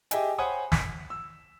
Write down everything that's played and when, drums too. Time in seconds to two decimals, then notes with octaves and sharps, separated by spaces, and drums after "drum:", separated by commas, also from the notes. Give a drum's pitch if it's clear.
0.11 G4 G#4 D#5 E5 G5 G#5, drum: hi-hat
0.38 C5 C#5 F#5 G#5 B5 D#6
0.72 B6, drum: snare
1.10 E6